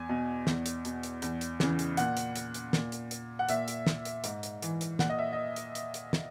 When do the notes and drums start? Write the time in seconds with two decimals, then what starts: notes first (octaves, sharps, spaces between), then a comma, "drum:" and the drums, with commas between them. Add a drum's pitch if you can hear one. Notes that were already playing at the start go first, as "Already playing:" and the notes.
Already playing: E2 G#5
0.09 B2
0.47 E2, drum: snare
0.66 drum: hi-hat
0.85 B2, drum: hi-hat
1.03 drum: hi-hat
1.22 E2, drum: hi-hat
1.41 drum: hi-hat
1.60 C#3 E3, drum: snare
1.79 drum: hi-hat
1.97 A#2 F#5, drum: hi-hat
2.17 drum: hi-hat
2.36 drum: hi-hat
2.54 drum: hi-hat
2.73 A#2, drum: snare
2.92 drum: hi-hat
3.11 drum: hi-hat
3.39 F#5
3.49 A#2 E5, drum: hi-hat
3.68 drum: hi-hat
3.87 drum: snare
4.05 drum: hi-hat
4.24 G#2, drum: hi-hat
4.43 drum: hi-hat
4.62 E3, drum: hi-hat
4.81 drum: hi-hat
4.99 A#2 F#5, drum: snare
5.10 D#5
5.19 E5
5.33 D#5
5.56 drum: hi-hat
5.75 drum: hi-hat
5.94 drum: hi-hat
6.13 drum: snare